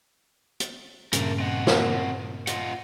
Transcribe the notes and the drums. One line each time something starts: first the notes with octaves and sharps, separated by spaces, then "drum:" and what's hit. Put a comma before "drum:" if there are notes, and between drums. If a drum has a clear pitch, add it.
drum: hi-hat
G2 A#2 C#3 A3 A#4, drum: hi-hat
C4 D#5 F#5
drum: snare
F4 D#5 F#5, drum: hi-hat